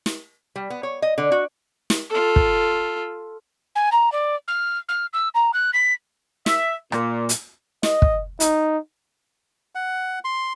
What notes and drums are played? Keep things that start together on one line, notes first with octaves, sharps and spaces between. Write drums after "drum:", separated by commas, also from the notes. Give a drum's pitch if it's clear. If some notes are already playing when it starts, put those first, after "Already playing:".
drum: snare
G3
B3
C#5
D#5
D3
F#4
drum: snare
F4 A4
drum: kick
G#5
A#5
D5
F6
F6
E6
A#5
F#6
B6
E5, drum: snare
A#2, drum: rim click
drum: hi-hat
D#5, drum: snare
drum: kick
D#4, drum: hi-hat
F#5
C6